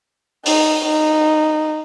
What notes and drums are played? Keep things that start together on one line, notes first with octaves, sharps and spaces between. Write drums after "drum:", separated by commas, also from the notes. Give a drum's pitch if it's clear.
D#4, drum: open hi-hat
D#4